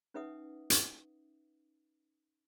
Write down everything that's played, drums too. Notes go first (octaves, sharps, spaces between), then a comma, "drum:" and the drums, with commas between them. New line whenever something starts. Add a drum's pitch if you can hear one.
C#4 D#4 B4 E5 F#5 D#6
drum: hi-hat